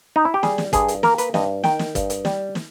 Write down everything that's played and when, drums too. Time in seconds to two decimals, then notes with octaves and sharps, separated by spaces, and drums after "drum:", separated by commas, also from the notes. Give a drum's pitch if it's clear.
0.16 D#4
0.25 E4
0.34 G4
0.43 G3 G#4, drum: snare
0.58 drum: snare
0.73 G2 G#4, drum: kick, hi-hat
0.88 drum: hi-hat
1.03 A#3 A#4, drum: snare
1.18 B4, drum: hi-hat
1.34 G2 D#5, drum: snare
1.64 D#3 G5, drum: snare
1.79 drum: snare
1.95 G2, drum: kick, hi-hat
2.10 drum: hi-hat
2.25 G3, drum: snare
2.55 drum: snare